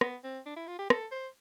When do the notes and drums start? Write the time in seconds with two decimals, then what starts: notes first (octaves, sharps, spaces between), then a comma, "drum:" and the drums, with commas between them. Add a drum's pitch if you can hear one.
0.01 B3, drum: rim click
0.24 C4
0.46 D4
0.56 E4
0.68 F4
0.79 G4
0.90 A4, drum: rim click
1.12 C5